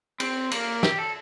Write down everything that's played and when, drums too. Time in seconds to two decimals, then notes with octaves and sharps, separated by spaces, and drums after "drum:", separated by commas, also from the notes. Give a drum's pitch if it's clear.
0.20 C4, drum: cymbal
0.51 A#3, drum: cymbal
0.83 G4, drum: snare
0.98 A4